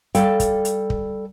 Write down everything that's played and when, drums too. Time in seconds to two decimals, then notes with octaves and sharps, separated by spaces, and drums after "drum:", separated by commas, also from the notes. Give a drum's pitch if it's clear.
0.15 G3 A4 D5 F5 G5, drum: hi-hat
0.40 drum: kick, hi-hat
0.65 drum: hi-hat
0.90 drum: kick